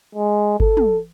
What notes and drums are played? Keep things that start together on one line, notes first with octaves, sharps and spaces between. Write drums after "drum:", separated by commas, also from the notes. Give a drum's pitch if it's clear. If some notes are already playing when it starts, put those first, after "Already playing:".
G#3
A4, drum: kick G1
drum: tom